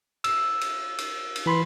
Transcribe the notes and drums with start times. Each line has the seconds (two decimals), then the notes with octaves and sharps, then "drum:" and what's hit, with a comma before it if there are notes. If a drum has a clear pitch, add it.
0.24 E6, drum: cymbal
0.61 drum: cymbal
0.98 drum: cymbal
1.36 drum: cymbal
1.46 E3 B5 C6